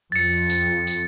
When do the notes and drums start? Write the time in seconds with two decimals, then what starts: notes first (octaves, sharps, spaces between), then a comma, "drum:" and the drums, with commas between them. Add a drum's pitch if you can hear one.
0.12 F2 A6 C#7
0.50 drum: tambourine
0.87 drum: tambourine